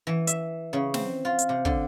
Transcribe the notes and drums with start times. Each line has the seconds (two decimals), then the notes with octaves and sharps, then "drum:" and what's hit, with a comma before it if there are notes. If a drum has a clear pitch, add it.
0.07 E3
0.27 E5, drum: hi-hat
0.73 C#3
0.94 C4, drum: snare
1.25 F4
1.39 drum: hi-hat
1.49 C3
1.65 D3, drum: kick